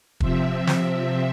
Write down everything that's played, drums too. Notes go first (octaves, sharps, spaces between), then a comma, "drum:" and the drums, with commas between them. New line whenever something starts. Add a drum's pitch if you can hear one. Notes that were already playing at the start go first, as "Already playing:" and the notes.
C3 F3 C4 E5, drum: kick
drum: snare